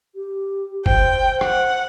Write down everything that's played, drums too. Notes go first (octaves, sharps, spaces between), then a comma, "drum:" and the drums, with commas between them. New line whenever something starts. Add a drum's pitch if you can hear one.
G4
C5 G5, drum: kick F#1
F#5, drum: rim click